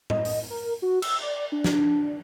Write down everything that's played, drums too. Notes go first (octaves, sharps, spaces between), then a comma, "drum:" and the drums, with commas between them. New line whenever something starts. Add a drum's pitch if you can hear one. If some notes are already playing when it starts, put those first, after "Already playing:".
D#5, drum: tom A2
drum: open hi-hat
A#4
F#4
E6, drum: cymbal
D5
D4
drum: snare